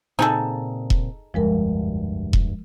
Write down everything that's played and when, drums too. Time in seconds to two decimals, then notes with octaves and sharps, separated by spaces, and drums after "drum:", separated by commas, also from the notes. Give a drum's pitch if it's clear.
0.19 A#2 C#3 C4 D#4 G#4 A4
0.90 drum: kick E1
1.34 F1 D2 G2 F3 G#3 A#4
2.33 drum: kick E1